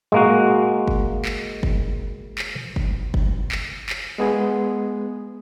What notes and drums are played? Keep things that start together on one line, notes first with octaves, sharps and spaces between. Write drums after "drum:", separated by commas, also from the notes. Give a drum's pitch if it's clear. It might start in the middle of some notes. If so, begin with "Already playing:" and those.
G#3 A#3 F#4, drum: tom A2
drum: kick F#1
drum: clap
drum: kick F#1
drum: clap
drum: kick F#1
drum: kick F#1
drum: clap
drum: clap
G#3 B3 G#4